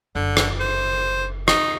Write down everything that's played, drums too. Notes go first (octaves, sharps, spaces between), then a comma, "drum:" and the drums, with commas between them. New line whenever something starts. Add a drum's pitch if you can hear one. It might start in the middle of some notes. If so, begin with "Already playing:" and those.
F#1 D3
drum: rim click
C5
D#4, drum: rim click